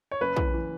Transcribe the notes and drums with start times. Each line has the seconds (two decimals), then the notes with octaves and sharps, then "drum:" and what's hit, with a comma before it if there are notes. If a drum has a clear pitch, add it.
0.11 C#5
0.21 F#1 B4
0.36 E3, drum: kick
0.54 E3